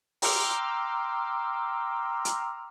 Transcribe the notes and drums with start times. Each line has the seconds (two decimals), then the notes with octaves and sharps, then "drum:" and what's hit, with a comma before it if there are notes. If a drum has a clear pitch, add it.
0.22 G5 A#5 C6 D6 E6 F6, drum: open hi-hat
2.25 drum: hi-hat